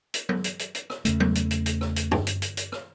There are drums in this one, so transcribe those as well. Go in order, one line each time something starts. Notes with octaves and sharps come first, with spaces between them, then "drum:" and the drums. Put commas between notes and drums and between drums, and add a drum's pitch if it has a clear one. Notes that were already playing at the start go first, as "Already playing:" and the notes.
drum: hi-hat
drum: tom F#3
drum: hi-hat
drum: hi-hat
drum: hi-hat
drum: rim click
E2 C#3 A3, drum: hi-hat
drum: tom F#3
drum: hi-hat
drum: hi-hat
drum: hi-hat
drum: rim click
drum: hi-hat
drum: tom
drum: hi-hat
drum: hi-hat
drum: hi-hat
drum: rim click